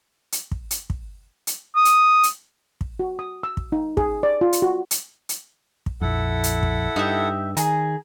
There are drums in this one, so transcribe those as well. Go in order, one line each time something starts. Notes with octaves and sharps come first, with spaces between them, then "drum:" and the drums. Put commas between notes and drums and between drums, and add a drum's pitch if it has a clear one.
drum: hi-hat
drum: kick
drum: hi-hat
drum: kick
drum: hi-hat
D#6
drum: hi-hat
drum: hi-hat
drum: kick
F#4
D#6
E6
drum: kick
D#4
G#4, drum: kick
D5
F4
drum: hi-hat
F#4
drum: hi-hat
drum: hi-hat
drum: kick
A#1 F2 E4 A4 F#5
drum: hi-hat
drum: kick
G2 D#4 G4 E5
D#3 G#4 A#5, drum: hi-hat